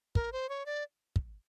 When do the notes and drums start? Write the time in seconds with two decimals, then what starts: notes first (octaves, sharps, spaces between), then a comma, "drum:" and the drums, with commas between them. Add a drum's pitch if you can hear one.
0.15 A#4, drum: kick
0.32 C5
0.49 C#5
0.66 D5
1.16 drum: kick